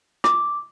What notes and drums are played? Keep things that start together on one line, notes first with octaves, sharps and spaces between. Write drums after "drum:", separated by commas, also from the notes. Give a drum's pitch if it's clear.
D6, drum: rim click